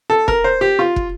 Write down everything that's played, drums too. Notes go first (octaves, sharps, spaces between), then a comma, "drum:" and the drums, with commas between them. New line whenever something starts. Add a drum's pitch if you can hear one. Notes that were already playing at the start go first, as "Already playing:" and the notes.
A4
A#4, drum: kick
C5
G4
F4
drum: kick